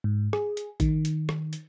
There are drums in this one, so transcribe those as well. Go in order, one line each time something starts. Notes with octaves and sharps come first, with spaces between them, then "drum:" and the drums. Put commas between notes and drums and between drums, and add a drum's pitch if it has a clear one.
G#2
G#4, drum: rim click
drum: hi-hat
D#3, drum: kick, hi-hat
drum: hi-hat
drum: rim click
drum: hi-hat